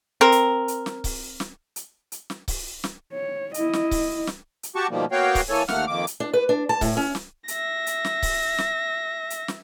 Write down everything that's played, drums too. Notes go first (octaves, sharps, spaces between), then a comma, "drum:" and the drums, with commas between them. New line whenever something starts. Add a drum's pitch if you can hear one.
C4 A#4
drum: hi-hat
drum: hi-hat
drum: snare
drum: kick C#1, open hi-hat
drum: snare
drum: hi-hat
drum: hi-hat
drum: snare
drum: kick C#1, open hi-hat
drum: snare
C#5
E4 D#5, drum: hi-hat
drum: snare
drum: kick C#1, open hi-hat
drum: snare
drum: hi-hat
F#4 G4 A5 C#6
B2 D#3 F3 G3 A#3
A#3 B3 F#4 C#5 F5 G5
drum: kick C#1, open hi-hat
E3 A#3 A4 C#5 G#5
D#2 A3 A#3 F#5 F6, drum: snare
F2 D#3 A#3 D6
drum: hi-hat
D4
B4
D4
A5
A2, drum: kick C#1, open hi-hat
C#4
drum: snare
E5 A#6, drum: hi-hat
drum: hi-hat
drum: snare
drum: kick C#1, open hi-hat
drum: snare
drum: hi-hat
drum: snare